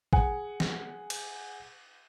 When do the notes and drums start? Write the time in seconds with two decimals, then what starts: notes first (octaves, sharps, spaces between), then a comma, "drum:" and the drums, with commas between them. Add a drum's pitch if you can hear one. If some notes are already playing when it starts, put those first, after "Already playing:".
0.13 G#4 F#5 G#5, drum: kick
0.60 drum: snare
1.10 drum: cymbal